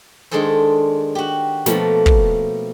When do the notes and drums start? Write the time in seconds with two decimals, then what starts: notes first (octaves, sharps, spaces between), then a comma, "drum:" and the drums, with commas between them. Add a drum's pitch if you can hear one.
0.31 D#3 G#3 D4 G#4 A4 C5
1.15 F#4 G4
1.66 B2 F3 A3 A#3, drum: snare
2.06 drum: kick